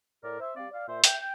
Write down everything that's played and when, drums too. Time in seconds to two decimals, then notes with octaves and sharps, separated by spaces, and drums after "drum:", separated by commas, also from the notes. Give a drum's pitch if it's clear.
0.23 A2 A#4 D5
0.40 C5 E5
0.55 G3 C4 D5 F5
0.72 D5 F5
0.87 A#2 C5 E5
1.04 E5 G5, drum: hi-hat
1.20 G5